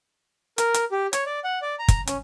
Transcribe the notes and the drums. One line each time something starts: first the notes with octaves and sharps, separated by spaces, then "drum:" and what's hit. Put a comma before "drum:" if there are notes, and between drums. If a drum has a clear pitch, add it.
A#4, drum: hi-hat
drum: hi-hat
G4
C#5, drum: hi-hat
D5
F#5
D5
A#5
drum: kick, hi-hat
C#4, drum: hi-hat